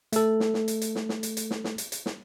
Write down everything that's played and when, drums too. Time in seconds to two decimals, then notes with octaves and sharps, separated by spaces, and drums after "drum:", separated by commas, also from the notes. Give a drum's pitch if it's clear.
0.13 A3 A4, drum: hi-hat
0.40 drum: snare
0.54 drum: snare
0.68 drum: hi-hat
0.82 drum: hi-hat
0.95 drum: snare
1.09 drum: snare
1.23 drum: hi-hat
1.37 drum: hi-hat
1.51 drum: snare
1.64 drum: snare
1.78 drum: hi-hat
1.92 drum: hi-hat
2.06 drum: snare